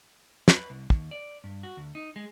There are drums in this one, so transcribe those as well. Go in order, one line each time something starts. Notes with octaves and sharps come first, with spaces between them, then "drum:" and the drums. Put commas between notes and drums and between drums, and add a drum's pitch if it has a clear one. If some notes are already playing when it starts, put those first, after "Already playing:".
B4, drum: snare
C2
D#2, drum: kick
D5
G2
F#4
D2
D#4
G#3